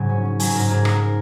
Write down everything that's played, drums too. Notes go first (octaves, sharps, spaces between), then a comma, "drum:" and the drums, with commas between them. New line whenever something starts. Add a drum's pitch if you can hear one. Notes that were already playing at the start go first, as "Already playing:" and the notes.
Already playing: G#2 C#3 F#3 G#5
C#4
C#4
F#3 G#5, drum: open hi-hat
G#2 A#4
G#2 G#4
G#3 A#4, drum: rim click